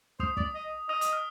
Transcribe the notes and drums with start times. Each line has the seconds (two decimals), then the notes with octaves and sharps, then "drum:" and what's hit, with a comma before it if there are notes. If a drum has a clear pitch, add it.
0.20 C5 D#6, drum: kick
0.37 D5, drum: kick
0.55 D#5
0.89 D#5 D#6
1.01 D#6, drum: hi-hat
1.13 F6